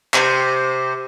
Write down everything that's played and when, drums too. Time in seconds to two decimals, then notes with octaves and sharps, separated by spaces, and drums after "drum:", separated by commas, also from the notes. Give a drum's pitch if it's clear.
0.14 C3 C5, drum: clap